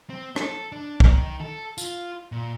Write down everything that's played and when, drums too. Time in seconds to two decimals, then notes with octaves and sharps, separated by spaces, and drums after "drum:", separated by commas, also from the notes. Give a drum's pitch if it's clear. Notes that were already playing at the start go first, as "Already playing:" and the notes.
0.10 C4
0.36 A4, drum: rim click
0.72 D4
1.00 D#3, drum: kick
1.40 A4
1.78 F4, drum: tambourine
2.32 A#2